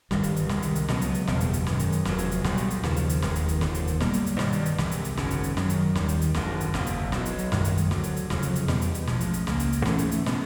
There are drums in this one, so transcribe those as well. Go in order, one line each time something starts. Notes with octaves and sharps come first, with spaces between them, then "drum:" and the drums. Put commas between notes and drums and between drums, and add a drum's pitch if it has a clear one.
G1 G2 D#3 G3, drum: snare
drum: hi-hat
drum: hi-hat
C2 C3 D#3 G#3, drum: snare
drum: hi-hat
drum: hi-hat
C#2 B2 F#3 B3, drum: snare
drum: hi-hat
drum: hi-hat
F#1 E2 B2 G3, drum: snare
drum: hi-hat
drum: hi-hat
F#2 D#3 G#3, drum: snare
drum: hi-hat
drum: hi-hat
F1 E2 B2 F#3, drum: snare
drum: hi-hat
drum: hi-hat
B1 B2 G3, drum: snare
drum: hi-hat
drum: hi-hat
D#2 C#3 F3, drum: snare
drum: hi-hat
drum: hi-hat
F1 D#2 D#3 G#3, drum: snare
drum: hi-hat
drum: hi-hat
F1 D#2 D3 F3, drum: snare
drum: hi-hat
drum: hi-hat
B1 B2 G3 A#3, drum: snare
drum: hi-hat
drum: hi-hat
G2 D#3 G3, drum: snare
drum: hi-hat
drum: hi-hat
C2 C3 E3 G#3, drum: snare
drum: hi-hat
drum: hi-hat
G#1 F#2 C#3, drum: snare
drum: hi-hat
drum: hi-hat
F#2 D#3 F#3, drum: snare
drum: hi-hat
D#2 D#3 G3, drum: snare
drum: hi-hat
drum: hi-hat
G#1 F#2 D3, drum: snare
drum: hi-hat
F#1 E2 B2, drum: snare
drum: hi-hat
B1 B2 F#3, drum: snare
drum: hi-hat
drum: hi-hat
G1 F#2 D#3 G#3, drum: snare
drum: hi-hat
drum: hi-hat
D2 D3 F#3, drum: snare
drum: hi-hat
drum: hi-hat
F2 C#3 F#3, drum: snare
drum: hi-hat
drum: hi-hat
E2 B2 G3, drum: snare
drum: hi-hat
drum: hi-hat
A1 A2 F3 G#3, drum: snare
drum: hi-hat
drum: hi-hat
C#2 C#3 F#3 A#3, drum: snare
drum: hi-hat
drum: hi-hat
G#2 E3 A3 C#4, drum: snare
drum: hi-hat
drum: hi-hat
B2 G#3 B3, drum: snare